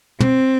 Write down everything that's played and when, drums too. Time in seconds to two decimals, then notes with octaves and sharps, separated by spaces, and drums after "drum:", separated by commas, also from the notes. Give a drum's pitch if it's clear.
0.20 C4, drum: tom